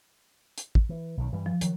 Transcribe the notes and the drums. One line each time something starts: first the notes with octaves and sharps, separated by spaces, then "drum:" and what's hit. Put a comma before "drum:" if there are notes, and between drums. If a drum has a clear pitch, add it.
drum: hi-hat
drum: kick
E3
B1 D#3
G2 E3 G3
F3
D#3 F#3, drum: hi-hat